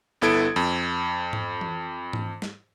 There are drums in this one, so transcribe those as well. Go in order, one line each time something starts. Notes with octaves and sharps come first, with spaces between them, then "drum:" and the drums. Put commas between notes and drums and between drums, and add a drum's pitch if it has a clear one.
G1 B3 E4 A4 G#6 D7
F2
drum: tom G#2
drum: tom E3
drum: tom G#2
drum: snare